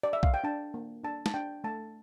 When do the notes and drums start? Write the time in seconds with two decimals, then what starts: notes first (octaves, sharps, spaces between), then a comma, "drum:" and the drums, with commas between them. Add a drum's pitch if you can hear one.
0.03 D5
0.13 E5
0.23 F5, drum: kick B1
0.34 G5
0.44 D4 A5
0.74 A#3
1.04 D4 A5
1.26 A5, drum: snare
1.34 D4 G5
1.64 A3 A5